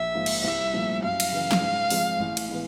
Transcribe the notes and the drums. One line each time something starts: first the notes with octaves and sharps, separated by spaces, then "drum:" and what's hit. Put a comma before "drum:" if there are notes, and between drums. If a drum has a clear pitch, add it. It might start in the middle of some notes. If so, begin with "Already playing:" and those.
Already playing: A#1 E5
G#2 F3 A#3
drum: cymbal
C2 E5
A#2 F3 A3
F#2 F5
drum: cymbal
C#3 E3
drum: snare
G#2
F3 G#3 C4, drum: open hi-hat
A1
drum: cymbal
A2 E3 G#3 B3